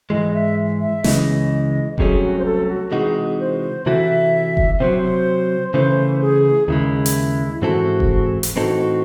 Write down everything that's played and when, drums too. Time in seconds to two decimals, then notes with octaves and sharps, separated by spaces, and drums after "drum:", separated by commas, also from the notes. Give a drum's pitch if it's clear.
0.10 G#2 E3 G#3 D#5
0.34 E5
0.80 E5
1.04 C#2 C#3 E3 G#3 D#5, drum: snare
1.98 C2 C3 F#3 A3 C#4 G#4, drum: kick F1
2.22 F#4
2.39 C5
2.45 A4
2.68 F#4
2.92 C3 E3 G#3 D#4 F#4 G#4
3.40 C5
3.86 C3 E3 C4 F#4 A4 E5
4.57 drum: kick F1
4.80 C3 D#3 F#3 C5
5.74 C#3 E3 A3 C5
6.22 G#4
6.68 D#2 C#3 G#3 E4
7.06 drum: hi-hat
7.62 G#2 E3 C4 E4 F#4 A4
8.00 drum: kick F1
8.43 drum: hi-hat
8.56 A2 E3 C4 D#4 F#4 A4